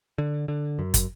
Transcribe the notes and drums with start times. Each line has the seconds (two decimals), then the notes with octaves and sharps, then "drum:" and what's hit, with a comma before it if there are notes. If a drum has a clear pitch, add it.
0.18 D3
0.48 D3
0.79 F#2
0.94 drum: kick, hi-hat